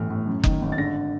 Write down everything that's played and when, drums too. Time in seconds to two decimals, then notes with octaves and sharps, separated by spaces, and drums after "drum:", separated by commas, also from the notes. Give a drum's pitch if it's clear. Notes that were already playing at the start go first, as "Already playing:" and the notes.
Already playing: G1 A2 E3 F6
0.10 A2
0.27 F#2
0.44 D#3, drum: kick F#1
0.62 G#1
0.72 A6
0.78 D3 A#6